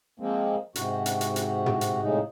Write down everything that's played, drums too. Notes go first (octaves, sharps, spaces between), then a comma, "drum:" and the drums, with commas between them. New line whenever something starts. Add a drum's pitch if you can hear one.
F3 G#3 A#3 C4
G#2 C3 F#4, drum: hi-hat
drum: hi-hat
drum: hi-hat
drum: hi-hat
drum: tom
drum: hi-hat
A2 C3 F3 G#3 D#4